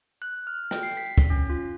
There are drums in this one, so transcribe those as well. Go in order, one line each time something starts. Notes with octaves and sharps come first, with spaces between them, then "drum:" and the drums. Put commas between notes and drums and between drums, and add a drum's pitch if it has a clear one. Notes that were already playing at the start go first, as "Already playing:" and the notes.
F#6
F6
G5, drum: rim click
C7
B6
drum: kick, hi-hat
C#4
F4